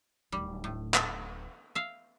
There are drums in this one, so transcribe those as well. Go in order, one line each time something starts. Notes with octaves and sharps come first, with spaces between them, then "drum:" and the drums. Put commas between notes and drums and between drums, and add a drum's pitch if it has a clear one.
D1 D#3 G3
A2
B3 A4, drum: clap
E5 F5